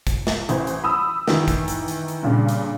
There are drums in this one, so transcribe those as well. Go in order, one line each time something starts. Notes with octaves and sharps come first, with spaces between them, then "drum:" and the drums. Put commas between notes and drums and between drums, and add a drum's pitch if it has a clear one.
drum: kick, hi-hat
drum: snare
A1 E3 C5, drum: hi-hat
drum: hi-hat
B5 D#6 E6
D#3 E3, drum: snare
drum: kick, hi-hat
drum: hi-hat
drum: hi-hat
drum: hi-hat
G2 A#2 C#3
drum: hi-hat